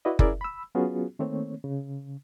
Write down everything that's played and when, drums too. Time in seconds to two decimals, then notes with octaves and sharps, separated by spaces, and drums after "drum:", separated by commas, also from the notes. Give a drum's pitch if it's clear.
0.05 E4 F#4 B4 D5 D#5
0.19 C#4 E4 G#4 A#4 D5 E5, drum: kick F#1
0.41 B5 E6
0.75 F#3 B3 C#4 F4 F#4 G#4
1.19 D#3 A3 A#3 C4 C#5
1.64 C#3